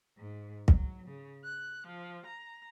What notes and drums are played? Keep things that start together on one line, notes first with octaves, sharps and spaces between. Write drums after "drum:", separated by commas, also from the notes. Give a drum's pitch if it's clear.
G#2
F#3, drum: kick
C#3
F#6
F3
A#5